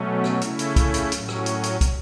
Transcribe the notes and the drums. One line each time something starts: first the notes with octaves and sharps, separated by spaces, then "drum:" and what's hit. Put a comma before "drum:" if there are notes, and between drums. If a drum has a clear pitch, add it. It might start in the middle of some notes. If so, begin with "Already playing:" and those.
Already playing: B2 F#3 A3 C#4
drum: rim click
C#3 A3 C#4 E4, drum: hi-hat
drum: hi-hat
drum: kick, hi-hat
drum: hi-hat
A2 F#3 C#4, drum: hi-hat
drum: rim click
drum: hi-hat
drum: hi-hat
drum: kick, hi-hat